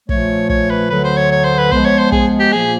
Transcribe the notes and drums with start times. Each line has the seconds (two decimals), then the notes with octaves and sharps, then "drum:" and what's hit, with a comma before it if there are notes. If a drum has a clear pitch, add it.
0.09 A#2 F3 A3 C#5, drum: kick
0.49 C#5, drum: kick
0.70 B4
0.90 D2 D3 F#3 B4
1.04 C5
1.17 C#5
1.32 C#5
1.44 C5
1.58 B4
1.72 F3 G#3 B3 C5, drum: kick
1.85 C#5
1.99 C5
2.12 G#4, drum: kick
2.40 G4
2.53 A#2 F3 A#3 G#4